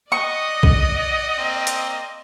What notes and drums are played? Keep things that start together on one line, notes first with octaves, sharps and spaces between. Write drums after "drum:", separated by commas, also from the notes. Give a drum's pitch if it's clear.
D5 D#5 F#5 C#6 D#6
drum: kick B1
A#3 C4
drum: hi-hat